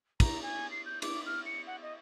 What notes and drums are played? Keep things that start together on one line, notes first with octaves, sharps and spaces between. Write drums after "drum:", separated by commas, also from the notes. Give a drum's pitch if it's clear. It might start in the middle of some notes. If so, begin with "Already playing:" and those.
A#5, drum: kick, cymbal
G#5
C7
G6
D6, drum: cymbal
F6
C#7
F#5
D#5